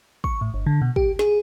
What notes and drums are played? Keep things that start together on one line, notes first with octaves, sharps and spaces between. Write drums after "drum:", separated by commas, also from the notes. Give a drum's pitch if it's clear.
C#6, drum: kick
A2
G1
D3
B2
G4, drum: kick
G#4, drum: snare